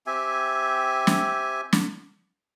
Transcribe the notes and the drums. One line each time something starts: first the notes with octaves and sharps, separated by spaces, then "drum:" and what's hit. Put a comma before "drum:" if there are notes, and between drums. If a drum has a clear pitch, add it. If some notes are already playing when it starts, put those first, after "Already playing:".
C4 G4 E5 G#5
drum: snare
drum: snare